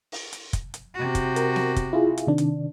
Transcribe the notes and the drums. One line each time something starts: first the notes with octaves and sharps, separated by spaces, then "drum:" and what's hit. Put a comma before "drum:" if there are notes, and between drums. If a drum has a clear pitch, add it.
drum: open hi-hat
drum: hi-hat
drum: kick, hi-hat
drum: hi-hat
C3 F#4
drum: kick, hi-hat
A#4, drum: hi-hat
drum: snare B3
drum: kick, hi-hat
E4 F4 G#4
drum: hi-hat
C3 D#3 D4
drum: hi-hat